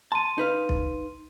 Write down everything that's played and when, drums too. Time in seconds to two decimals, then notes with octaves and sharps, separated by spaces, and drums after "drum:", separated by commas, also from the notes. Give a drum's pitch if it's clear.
0.12 A5 C6 D#7
0.38 D#4 B4 F5
0.69 drum: kick B1